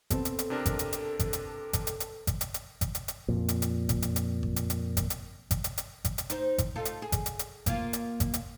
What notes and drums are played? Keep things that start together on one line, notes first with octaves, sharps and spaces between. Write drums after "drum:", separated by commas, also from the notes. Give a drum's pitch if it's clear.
B3 C4 A4, drum: kick G#1, hi-hat
drum: hi-hat
drum: hi-hat
C3 D4 A#4
drum: kick G#1, hi-hat
drum: hi-hat
drum: hi-hat
drum: kick G#1, hi-hat
drum: hi-hat
drum: kick G#1, hi-hat
drum: hi-hat
drum: hi-hat
drum: kick G#1, hi-hat
drum: hi-hat
drum: hi-hat
drum: kick G#1, hi-hat
drum: hi-hat
drum: hi-hat
F2 A#2
drum: hi-hat
drum: hi-hat
drum: kick G#1, hi-hat
drum: hi-hat
drum: hi-hat
drum: kick G#1
drum: hi-hat
drum: hi-hat
drum: kick G#1, hi-hat
drum: hi-hat
drum: kick G#1, hi-hat
drum: hi-hat
drum: hi-hat
drum: kick G#1, hi-hat
drum: hi-hat
D#4 C5, drum: hi-hat
drum: kick G#1, hi-hat
D#4 F4 A4
drum: hi-hat
G#4
drum: kick G#1, hi-hat
drum: hi-hat
drum: hi-hat
A#3 F4, drum: kick G#1, hi-hat
drum: hi-hat
drum: kick G#1, hi-hat
drum: hi-hat